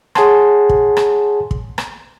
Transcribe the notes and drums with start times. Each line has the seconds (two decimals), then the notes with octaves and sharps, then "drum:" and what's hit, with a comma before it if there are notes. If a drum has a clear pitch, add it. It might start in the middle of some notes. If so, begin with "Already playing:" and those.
0.15 G#4 C#5 F#5 G#5 A5 C6, drum: rim click
0.69 drum: kick
0.97 drum: rim click
1.51 drum: kick
1.78 drum: rim click